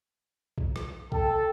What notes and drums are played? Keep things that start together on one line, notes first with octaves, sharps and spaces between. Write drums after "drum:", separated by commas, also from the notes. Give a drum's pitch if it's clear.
drum: kick
drum: rim click
A4 G5, drum: kick